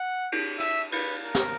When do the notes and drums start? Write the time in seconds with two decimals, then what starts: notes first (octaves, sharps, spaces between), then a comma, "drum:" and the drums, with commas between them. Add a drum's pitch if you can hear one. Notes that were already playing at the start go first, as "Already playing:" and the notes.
Already playing: F#5
0.32 drum: cymbal
0.60 E5, drum: hi-hat
0.92 B4, drum: cymbal
1.25 A#4
1.35 drum: snare